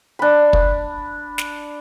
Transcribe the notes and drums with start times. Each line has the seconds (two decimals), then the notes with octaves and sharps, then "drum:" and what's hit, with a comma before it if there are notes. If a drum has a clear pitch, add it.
0.19 D4 B5
0.53 drum: kick
1.38 drum: snare